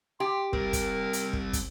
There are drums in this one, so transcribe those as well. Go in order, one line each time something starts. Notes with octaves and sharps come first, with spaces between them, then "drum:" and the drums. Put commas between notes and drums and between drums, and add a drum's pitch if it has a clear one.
G4 C6
G3 C4 A#4, drum: kick
drum: kick, hi-hat
drum: hi-hat
drum: kick
drum: kick, hi-hat